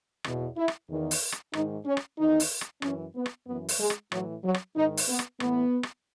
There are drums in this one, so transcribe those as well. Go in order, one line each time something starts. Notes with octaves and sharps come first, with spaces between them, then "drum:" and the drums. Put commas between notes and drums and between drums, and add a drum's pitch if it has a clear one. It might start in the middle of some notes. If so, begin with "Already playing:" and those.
E2 B2, drum: rim click
E4
drum: rim click
E2 D#3
drum: open hi-hat
drum: rim click
G#2 D#3 D#4, drum: rim click
C#4
drum: rim click
E2 D#3 D#4
drum: open hi-hat
drum: rim click
F#2 E3 C#4, drum: rim click
B3
drum: rim click
F#2 E3 B3
drum: open hi-hat
G#3
drum: rim click
A2 E3 F#3, drum: rim click
F#3
drum: rim click
G#2 D#3 D#4
drum: open hi-hat
B3
drum: rim click
A2 E3 B3, drum: rim click
drum: rim click